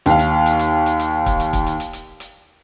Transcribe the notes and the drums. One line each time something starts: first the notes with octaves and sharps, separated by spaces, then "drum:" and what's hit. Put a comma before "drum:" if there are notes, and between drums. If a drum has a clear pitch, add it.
D#2 F5, drum: hi-hat
drum: hi-hat
drum: hi-hat
drum: hi-hat
drum: hi-hat
drum: hi-hat
drum: kick, hi-hat
drum: hi-hat
drum: kick, hi-hat
drum: hi-hat
drum: hi-hat
drum: hi-hat
drum: hi-hat